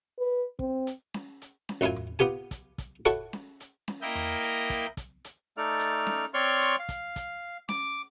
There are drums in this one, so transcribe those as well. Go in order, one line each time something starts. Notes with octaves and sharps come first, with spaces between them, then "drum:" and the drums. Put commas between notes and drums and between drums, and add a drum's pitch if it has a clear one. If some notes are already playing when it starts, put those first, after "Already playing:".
B4
C4, drum: kick
drum: hi-hat
drum: snare C#4
drum: hi-hat
drum: snare C#4
A1 F#2 E4 F4 G#5
drum: tom E2
B3 F4 G4 G#5
drum: kick, hi-hat
drum: kick, hi-hat
E4 F#4 A4 C#5 F#5, drum: hi-hat
drum: snare C#4
drum: hi-hat
drum: snare C#4
A#3 E4 A#4 D#5 G5
drum: tom E2
drum: hi-hat
drum: kick, hi-hat
drum: kick, hi-hat
drum: hi-hat
A3 D#4 A4 D5 F6
drum: hi-hat
drum: snare C#4
C4 C#5 D5 C6 C#6 F6
drum: hi-hat
F5
drum: kick, hi-hat
drum: kick, hi-hat
D6, drum: snare C#4